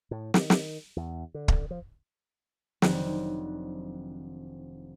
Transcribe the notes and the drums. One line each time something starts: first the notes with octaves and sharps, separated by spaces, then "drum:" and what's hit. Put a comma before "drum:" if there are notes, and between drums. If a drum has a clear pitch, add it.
A2
D#3, drum: snare
drum: snare
E2
D3
drum: kick
F3
F1 D#3 F#3 C4 D4 F#6, drum: snare